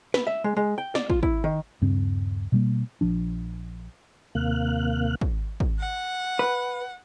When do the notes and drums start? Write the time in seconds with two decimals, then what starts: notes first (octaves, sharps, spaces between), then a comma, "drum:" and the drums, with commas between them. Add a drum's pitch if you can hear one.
0.14 B4, drum: snare
0.27 E5
0.44 G#3
0.56 G#3
0.78 G5
0.95 D5, drum: snare
1.10 F4, drum: kick
1.23 E4, drum: kick
1.44 D#3
1.81 D#1 G2 C#3 C4
2.52 B2 G3 A#3
3.01 A#1 F3 D4
4.35 D#2 C3 A#3 F5 F#6
5.21 drum: kick
5.60 drum: kick
5.79 F#5
6.39 B4